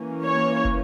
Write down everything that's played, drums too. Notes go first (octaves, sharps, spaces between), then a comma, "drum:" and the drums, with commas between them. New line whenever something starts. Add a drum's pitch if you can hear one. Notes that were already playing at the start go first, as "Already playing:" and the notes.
Already playing: E3 A#3 C#4
C#5
drum: kick